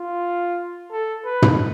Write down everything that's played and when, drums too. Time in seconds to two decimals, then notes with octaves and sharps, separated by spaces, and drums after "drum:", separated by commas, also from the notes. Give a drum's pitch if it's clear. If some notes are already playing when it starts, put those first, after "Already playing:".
Already playing: F4
0.91 A4
1.25 B4
1.42 drum: tom